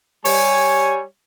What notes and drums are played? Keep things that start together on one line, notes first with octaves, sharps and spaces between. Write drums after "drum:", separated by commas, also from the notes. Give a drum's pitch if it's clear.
G3 C#5 G#5, drum: open hi-hat